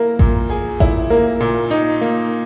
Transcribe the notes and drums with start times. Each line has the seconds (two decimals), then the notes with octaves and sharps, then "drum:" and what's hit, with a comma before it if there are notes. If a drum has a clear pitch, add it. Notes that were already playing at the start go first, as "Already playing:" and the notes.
Already playing: A#3 E4 A#4
0.19 A#2, drum: kick A1
0.50 G#4
0.80 E4, drum: kick A1
1.10 A#3 A#4
1.40 A#2
1.70 D#4
2.01 A#3